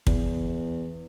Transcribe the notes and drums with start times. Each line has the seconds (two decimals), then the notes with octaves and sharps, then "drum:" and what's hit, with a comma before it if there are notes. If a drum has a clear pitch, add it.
0.07 E2, drum: kick